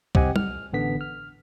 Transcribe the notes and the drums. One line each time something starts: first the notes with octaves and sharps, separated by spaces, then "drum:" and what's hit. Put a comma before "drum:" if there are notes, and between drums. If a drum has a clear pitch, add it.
C2 C4 G4 D#5 F#5 G#5, drum: kick C2
F6, drum: tom G3
A1 D3 B3 B6
F6